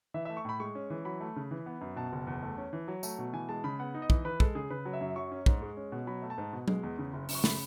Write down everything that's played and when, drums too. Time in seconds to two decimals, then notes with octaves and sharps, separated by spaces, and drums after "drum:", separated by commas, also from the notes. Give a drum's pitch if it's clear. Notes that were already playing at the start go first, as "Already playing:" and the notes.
0.14 E3 E5
0.25 A3 E5
0.37 C#6
0.45 A2 B5
0.60 G#3 C#6
0.75 C#4
0.90 E3
1.05 F#3 B5
1.21 A3
1.36 C#3
1.51 E3
1.66 B3
1.81 F#2
1.96 B2 A5
2.12 F#1
2.27 E2
2.43 A3
2.58 C#4
2.73 E3
2.88 F#3
3.03 A3, drum: tambourine
3.18 B2
3.33 E3 G#5
3.49 G#3 A5
3.64 C#3 B5
3.79 B3 F#5
3.94 D#4
4.02 D#5
4.10 E3, drum: kick
4.25 E3 B4
4.40 G#3 A4, drum: kick
4.55 C#3 G#4
4.70 C#3 B4
4.86 F#3
4.93 E5
5.01 F#2
5.16 F#3 C#6
5.31 C#4
5.46 G#2, drum: kick
5.62 G#3
5.77 C#4
5.92 B2
6.07 F#3 B5
6.22 A3
6.30 A5
6.38 G#2
6.53 B2
6.68 G#3, drum: tom F#3
6.83 E2
6.98 C#3
7.13 F#1
7.29 F#2, drum: open hi-hat
7.35 C#6
7.44 C#3 B5, drum: snare